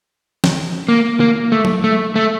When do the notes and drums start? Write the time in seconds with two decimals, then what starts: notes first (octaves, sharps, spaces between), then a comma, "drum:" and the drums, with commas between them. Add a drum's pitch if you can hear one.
0.44 drum: snare
0.88 A#3
1.20 A#3
1.52 A3
1.65 drum: tom F#3
1.84 A3
2.16 A3